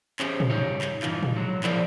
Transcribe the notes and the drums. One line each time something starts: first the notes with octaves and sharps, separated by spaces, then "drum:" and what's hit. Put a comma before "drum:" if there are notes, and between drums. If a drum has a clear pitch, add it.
C#4 G4 G#4 C5, drum: clap
drum: tom
G2 C#3 D#4 G4 C#5
drum: clap
G2 E3 D#4 F4, drum: clap
drum: tom
F#3 G#3
F3 E4 G#4 A#4 C5 D5, drum: clap